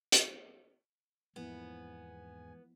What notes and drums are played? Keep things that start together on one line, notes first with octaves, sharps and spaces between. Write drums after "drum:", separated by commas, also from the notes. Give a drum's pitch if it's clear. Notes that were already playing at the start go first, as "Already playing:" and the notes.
drum: hi-hat
E2 G#2 F3 A#3 B3 E4 G#5